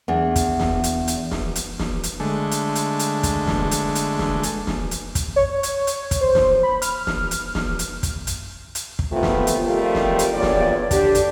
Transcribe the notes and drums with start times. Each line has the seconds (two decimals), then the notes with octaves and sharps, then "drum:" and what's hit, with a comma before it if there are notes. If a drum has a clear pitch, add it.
0.08 E2 D4
0.36 drum: kick, hi-hat
0.60 drum: snare
0.84 drum: hi-hat
1.08 drum: hi-hat
1.32 drum: snare
1.56 drum: hi-hat
1.79 drum: snare
2.03 drum: hi-hat
2.20 D3 G#3 A3
2.51 drum: hi-hat
2.75 drum: hi-hat
2.99 drum: hi-hat
3.23 drum: kick, hi-hat
3.47 drum: snare
3.71 drum: hi-hat
3.95 drum: hi-hat
4.19 drum: snare
4.43 drum: hi-hat
4.67 drum: snare
4.91 drum: hi-hat
5.15 drum: kick, hi-hat
5.36 C#5
5.63 drum: hi-hat
5.87 drum: hi-hat
6.11 drum: kick, hi-hat
6.21 C5
6.35 drum: snare
6.63 B5
6.82 F6, drum: hi-hat
7.07 drum: snare
7.31 drum: hi-hat
7.55 drum: snare
7.79 drum: hi-hat
8.03 drum: kick, hi-hat
8.27 drum: hi-hat
8.75 drum: hi-hat
8.99 drum: kick
9.12 D#2 C3 A3 B3 F4
9.23 drum: snare
9.47 drum: hi-hat
9.64 F2 G3 A3 F4 G4 A#4
9.95 drum: snare
10.19 drum: hi-hat
10.33 E2 G2 A#2 C#5 D5
10.43 drum: snare
10.91 D3 D4 G4, drum: kick, hi-hat
11.15 drum: hi-hat